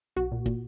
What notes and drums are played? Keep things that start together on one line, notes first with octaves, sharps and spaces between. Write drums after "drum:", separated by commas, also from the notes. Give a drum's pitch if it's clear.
B1 F#4
A#2
A#2, drum: kick